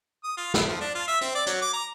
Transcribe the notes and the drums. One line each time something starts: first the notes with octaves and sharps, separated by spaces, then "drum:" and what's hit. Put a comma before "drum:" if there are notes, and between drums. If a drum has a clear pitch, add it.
D#6
F4
E4, drum: snare
F3
D4
F4
E5
C4, drum: hi-hat
D5
F#3, drum: hi-hat
D6
A#5